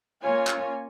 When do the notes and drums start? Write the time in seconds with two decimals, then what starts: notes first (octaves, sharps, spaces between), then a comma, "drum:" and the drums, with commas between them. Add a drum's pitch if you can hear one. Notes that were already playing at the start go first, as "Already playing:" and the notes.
0.22 A#3 C#4 F4 C#5 G#5
0.47 drum: clap